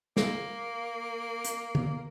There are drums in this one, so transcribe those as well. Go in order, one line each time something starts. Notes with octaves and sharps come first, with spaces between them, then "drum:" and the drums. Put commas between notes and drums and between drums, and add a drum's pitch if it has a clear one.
A#3, drum: snare
drum: hi-hat
drum: tom D3